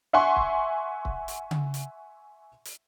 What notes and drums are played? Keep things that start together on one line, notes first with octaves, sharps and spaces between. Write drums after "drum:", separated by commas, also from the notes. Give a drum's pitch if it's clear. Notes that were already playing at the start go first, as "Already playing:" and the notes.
E5 F#5 G#5 C6 C#6
drum: kick C#1
drum: kick C#1
drum: hi-hat
drum: tom C#3
drum: hi-hat
drum: hi-hat